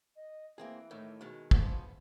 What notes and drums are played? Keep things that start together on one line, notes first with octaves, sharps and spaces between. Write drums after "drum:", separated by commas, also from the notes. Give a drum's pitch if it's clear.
D#5
E3 A#3 C4 G#4
A2 D#3
B2 D#3 G#3
G#2 F3 B3 E5, drum: kick